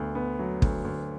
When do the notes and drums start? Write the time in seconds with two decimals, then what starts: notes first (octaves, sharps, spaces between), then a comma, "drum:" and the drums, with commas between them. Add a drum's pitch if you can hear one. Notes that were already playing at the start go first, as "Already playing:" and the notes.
Already playing: D2 B3
0.15 B3
0.39 F#3
0.62 D2, drum: kick
0.85 D2